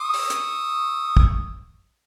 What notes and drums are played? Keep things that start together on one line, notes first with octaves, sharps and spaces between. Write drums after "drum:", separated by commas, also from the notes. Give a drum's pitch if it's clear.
C#6 D#6 E6
drum: open hi-hat
drum: hi-hat
drum: kick